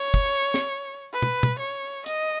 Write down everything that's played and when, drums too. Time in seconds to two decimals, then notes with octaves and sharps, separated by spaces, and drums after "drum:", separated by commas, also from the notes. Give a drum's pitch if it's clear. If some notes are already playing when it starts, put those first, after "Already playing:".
Already playing: C#5
0.14 drum: kick
0.54 drum: snare
1.13 B4
1.22 drum: tom
1.43 drum: tom
1.59 C#5
2.06 D#5, drum: hi-hat